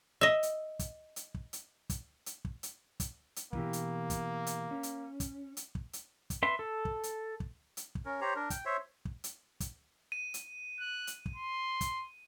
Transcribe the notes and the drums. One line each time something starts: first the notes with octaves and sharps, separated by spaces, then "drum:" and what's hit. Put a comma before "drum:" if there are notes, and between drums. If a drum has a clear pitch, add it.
D#5 E5
drum: hi-hat
drum: kick, hi-hat
drum: hi-hat
drum: kick
drum: hi-hat
drum: kick, hi-hat
drum: hi-hat
drum: kick
drum: hi-hat
drum: kick, hi-hat
drum: hi-hat
B2 E3 A#3 G4, drum: kick
drum: hi-hat
drum: kick, hi-hat
drum: hi-hat
C#4
drum: hi-hat
drum: kick, hi-hat
drum: hi-hat
drum: kick
drum: hi-hat
drum: kick, hi-hat
B4 E5 C6
A4
drum: kick
drum: hi-hat
drum: kick
drum: hi-hat
drum: kick
C#4 A#4
G4 C5 C#5 A#5
D4 A#4
G5, drum: kick, hi-hat
C5 C#5 E5
drum: kick
drum: hi-hat
drum: kick, hi-hat
D#7
drum: hi-hat
F#6
drum: hi-hat
drum: kick
C6
drum: kick, hi-hat